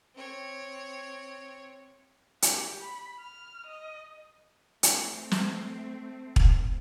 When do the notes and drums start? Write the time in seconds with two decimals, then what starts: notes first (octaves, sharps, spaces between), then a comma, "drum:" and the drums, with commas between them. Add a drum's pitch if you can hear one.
0.15 C4 C#5
2.42 G4, drum: hi-hat
2.81 B5
3.20 F6
3.67 D#5
4.83 A3 C4, drum: hi-hat
5.31 drum: snare
6.36 drum: kick